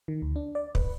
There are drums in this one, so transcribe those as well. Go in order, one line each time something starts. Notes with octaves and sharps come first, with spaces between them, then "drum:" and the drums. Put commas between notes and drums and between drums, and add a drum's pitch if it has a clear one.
D#3
D2
D4
D5
B4, drum: kick